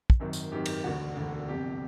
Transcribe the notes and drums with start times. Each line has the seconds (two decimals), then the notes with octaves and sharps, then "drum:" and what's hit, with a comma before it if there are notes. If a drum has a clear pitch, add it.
0.10 drum: kick
0.20 G#1 F#2 D#3
0.33 drum: tambourine
0.52 G#1 F#2 D#3 G4
0.66 drum: cymbal
0.84 E1 D2 D3 F#4
1.16 E1 D2 D3
1.48 G1 F2 C3 G4